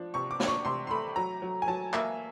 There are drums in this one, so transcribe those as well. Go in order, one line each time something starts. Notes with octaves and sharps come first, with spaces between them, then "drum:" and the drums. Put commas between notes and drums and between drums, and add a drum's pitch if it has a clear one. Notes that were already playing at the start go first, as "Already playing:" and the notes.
Already playing: F3 D4
C3 C#6
D6
D4, drum: snare
C#6
C3 C6
C6
A3 B5
F#3 A#5
F#3
G#5
F#3 A5
A#3 E5, drum: clap